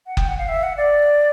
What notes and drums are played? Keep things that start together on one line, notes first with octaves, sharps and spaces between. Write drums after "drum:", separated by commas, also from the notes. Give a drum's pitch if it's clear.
F#5
G5, drum: kick F#1
F#5
F5
E5
F#5
D5